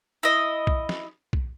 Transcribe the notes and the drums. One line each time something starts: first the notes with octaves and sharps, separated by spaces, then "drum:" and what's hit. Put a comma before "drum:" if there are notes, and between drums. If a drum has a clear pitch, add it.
E4 D#5
drum: kick B1
drum: snare
drum: kick B1